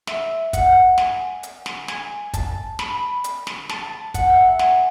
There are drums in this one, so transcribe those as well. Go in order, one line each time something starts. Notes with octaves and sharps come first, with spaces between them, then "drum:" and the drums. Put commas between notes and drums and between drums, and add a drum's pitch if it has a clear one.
E5, drum: snare
F#5, drum: kick, hi-hat
G#5, drum: snare
drum: hi-hat
drum: snare
G#5, drum: snare
A5, drum: kick, hi-hat
B5, drum: snare
drum: hi-hat
drum: snare
A5, drum: snare
A5
F#5, drum: kick, hi-hat
E5
F#5
G#5, drum: snare